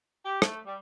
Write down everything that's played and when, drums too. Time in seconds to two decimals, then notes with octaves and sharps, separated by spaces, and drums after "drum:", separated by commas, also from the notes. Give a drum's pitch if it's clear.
0.25 G4
0.42 A3, drum: rim click
0.66 G3